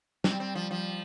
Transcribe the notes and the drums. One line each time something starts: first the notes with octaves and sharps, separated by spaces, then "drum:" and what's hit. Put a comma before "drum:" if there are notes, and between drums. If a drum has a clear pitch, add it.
G3 C4, drum: snare
C4
F3
F3